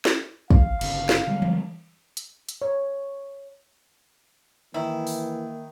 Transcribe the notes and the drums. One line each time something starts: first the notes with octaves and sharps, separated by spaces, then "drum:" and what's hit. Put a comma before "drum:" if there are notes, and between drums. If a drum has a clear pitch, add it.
drum: snare
F5, drum: kick
G1 C#3, drum: cymbal
drum: snare
D3 G3 G#3
drum: tom E3
drum: hi-hat
drum: hi-hat
C#5
D#3 E3 A#3 E4
drum: open hi-hat